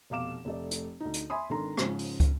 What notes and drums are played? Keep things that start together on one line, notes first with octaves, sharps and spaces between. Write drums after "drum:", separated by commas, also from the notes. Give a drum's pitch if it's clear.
F1 B2 F5 D6 E7
F1 A3 D5
drum: hi-hat
D2 D#4
drum: hi-hat
E5 G#5 B5 C6 D#6
G#1 D#3 D4 A4 A#5 C6
G#2 C#3 F3 C#4, drum: rim click
drum: open hi-hat
drum: kick, hi-hat